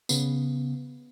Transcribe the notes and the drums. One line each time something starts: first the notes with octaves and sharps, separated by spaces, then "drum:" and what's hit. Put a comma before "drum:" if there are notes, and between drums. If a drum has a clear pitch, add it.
C#3 B3, drum: tambourine